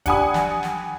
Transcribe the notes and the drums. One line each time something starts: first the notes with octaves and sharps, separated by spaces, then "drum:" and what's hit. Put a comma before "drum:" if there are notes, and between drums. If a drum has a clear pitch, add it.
D4 G4 F#5 G#5 B5 D#6, drum: kick, hi-hat
drum: snare
drum: snare